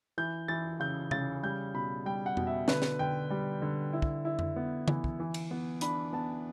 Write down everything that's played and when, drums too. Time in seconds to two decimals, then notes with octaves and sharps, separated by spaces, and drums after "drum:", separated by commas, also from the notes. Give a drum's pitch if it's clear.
0.18 E3 G6
0.48 E3 A6
0.80 C#3 G6
1.11 C#3 A6, drum: tom C3
1.43 G3 G6
1.74 B2 B5
2.06 G3 G5
2.26 F#5
2.37 B2, drum: tom F2
2.47 E5
2.68 D3 B4, drum: snare
2.82 drum: snare
2.99 D3 G5
3.30 G3
3.62 D3
3.93 E4
4.02 drum: kick
4.25 E4
4.39 drum: tom F2
4.56 B3
4.88 E3, drum: tom C#3
5.04 drum: kick
5.20 E3
5.34 drum: cymbal
5.51 B3
5.81 D4 B5, drum: hi-hat
6.13 B3 A5